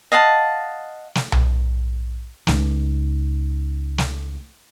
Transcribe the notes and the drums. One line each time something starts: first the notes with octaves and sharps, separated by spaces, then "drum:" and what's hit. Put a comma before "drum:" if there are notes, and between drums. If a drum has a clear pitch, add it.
D#5 F5 F#5 A5
drum: snare
drum: tom B1
C#2 D#4, drum: snare
drum: snare